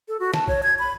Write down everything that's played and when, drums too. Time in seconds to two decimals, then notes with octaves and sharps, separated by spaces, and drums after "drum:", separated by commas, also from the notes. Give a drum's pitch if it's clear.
0.08 A4
0.20 F#4
0.34 A5, drum: snare
0.48 C#5, drum: kick A#1
0.63 G#6
0.79 B5